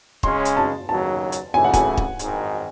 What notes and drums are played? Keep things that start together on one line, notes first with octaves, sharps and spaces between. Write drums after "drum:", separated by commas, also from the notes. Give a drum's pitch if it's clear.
C#3 G#3 C#4 C6, drum: kick
drum: hi-hat
A5
D#2 C#3 F#3 A5
drum: hi-hat
C#2 C#3 E3 A3 G#5
F#5
G#5, drum: kick, hi-hat
drum: kick
G#1 G#2 D#3, drum: hi-hat